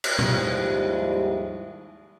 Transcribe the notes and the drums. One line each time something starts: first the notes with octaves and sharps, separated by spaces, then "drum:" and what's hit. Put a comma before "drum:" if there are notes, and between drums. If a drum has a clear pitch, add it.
drum: cymbal
D#2 G#2 F3 G3 E4, drum: tom B2